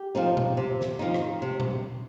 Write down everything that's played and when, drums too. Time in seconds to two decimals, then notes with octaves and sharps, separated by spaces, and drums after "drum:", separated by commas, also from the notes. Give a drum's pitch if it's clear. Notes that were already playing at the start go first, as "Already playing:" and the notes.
Already playing: G4
0.15 F3 C4 D#4
0.37 drum: tom A#2
0.57 C3
0.81 drum: snare
0.99 F3 C4 D#4
1.14 drum: rim click
1.42 C3
1.60 drum: tom A#2